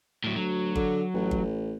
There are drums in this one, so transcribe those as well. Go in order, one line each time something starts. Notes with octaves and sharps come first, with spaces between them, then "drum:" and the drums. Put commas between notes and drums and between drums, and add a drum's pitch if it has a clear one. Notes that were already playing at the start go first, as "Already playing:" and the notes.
A2 F#3
D2 F#3
D3, drum: kick G1
A1
drum: kick G1